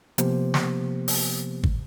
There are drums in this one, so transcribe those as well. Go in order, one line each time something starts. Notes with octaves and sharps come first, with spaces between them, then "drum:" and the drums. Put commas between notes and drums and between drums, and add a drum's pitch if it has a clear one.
C3 F3 A#3 B3 G4 C5, drum: hi-hat
drum: snare
drum: open hi-hat
drum: kick